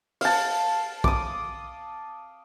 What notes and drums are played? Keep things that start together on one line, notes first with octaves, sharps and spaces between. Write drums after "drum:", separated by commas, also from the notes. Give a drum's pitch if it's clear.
F5 A5, drum: open hi-hat
D6 D#6, drum: kick